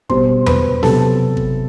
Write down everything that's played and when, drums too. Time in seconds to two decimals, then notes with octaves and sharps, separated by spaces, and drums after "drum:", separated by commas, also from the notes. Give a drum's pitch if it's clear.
0.09 B2 G3 B3 C5 C6, drum: kick
0.46 B4 B5, drum: tom E2
0.83 C3 F#3 B3 A4 A5, drum: snare
1.37 drum: kick